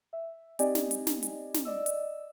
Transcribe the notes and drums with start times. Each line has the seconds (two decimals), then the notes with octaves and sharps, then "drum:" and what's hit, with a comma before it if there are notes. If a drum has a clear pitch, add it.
0.13 E5
0.59 C4 D#4 G4 D5 D#5 G#5, drum: hi-hat
0.75 drum: snare
0.91 drum: hi-hat
1.07 drum: snare
1.23 drum: hi-hat
1.54 drum: snare
1.65 D5 D#5 E6
1.86 drum: hi-hat